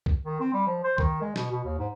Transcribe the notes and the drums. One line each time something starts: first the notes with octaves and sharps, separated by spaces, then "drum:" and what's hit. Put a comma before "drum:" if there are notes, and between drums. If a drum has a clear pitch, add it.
drum: kick C2
D#3
C4
G3
F3
C5
D#3, drum: kick C2
G#3
B2, drum: snare
B2
D#2
G#2